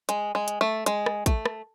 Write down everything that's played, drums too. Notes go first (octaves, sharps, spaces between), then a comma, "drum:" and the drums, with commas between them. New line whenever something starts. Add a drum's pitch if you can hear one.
G#3, drum: hi-hat
G#3
drum: hi-hat
A3
G#3, drum: hi-hat
drum: rim click
A3, drum: kick, hi-hat
drum: rim click